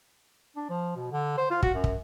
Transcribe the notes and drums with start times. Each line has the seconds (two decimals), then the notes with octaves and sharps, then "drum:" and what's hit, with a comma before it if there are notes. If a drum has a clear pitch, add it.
0.56 D4
0.70 F3
0.96 B2
1.12 D3
1.38 C5
1.51 F4
1.63 F#4, drum: kick
1.74 F#2
1.84 drum: kick